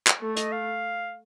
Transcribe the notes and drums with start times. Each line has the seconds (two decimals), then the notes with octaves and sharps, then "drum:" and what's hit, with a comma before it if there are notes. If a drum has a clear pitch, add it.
0.07 drum: clap
0.20 A3 A4
0.37 D#5, drum: hi-hat
0.52 F5